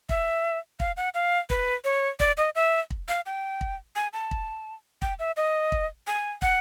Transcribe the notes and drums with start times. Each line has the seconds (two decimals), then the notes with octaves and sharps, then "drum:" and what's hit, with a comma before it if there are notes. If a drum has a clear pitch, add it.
0.09 E5, drum: kick
0.80 F5, drum: kick
0.97 F#5
1.14 F5
1.50 B4, drum: kick
1.84 C#5
2.20 D5, drum: kick
2.37 D#5
2.55 E5
2.90 drum: kick
3.09 F5
3.26 G5
3.61 drum: kick
3.96 G#5
4.13 A5
4.31 drum: kick
5.02 G5, drum: kick
5.19 E5
5.37 D#5
5.72 drum: kick
6.07 G#5
6.42 F#5, drum: kick